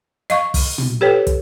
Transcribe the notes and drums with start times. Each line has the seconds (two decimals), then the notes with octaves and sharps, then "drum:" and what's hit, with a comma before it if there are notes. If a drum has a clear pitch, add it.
0.30 D#5 F5 C#6, drum: hi-hat
0.54 drum: kick, open hi-hat
0.78 drum: tom
1.01 G4 A4 B4 C#5 G5
1.27 drum: kick, hi-hat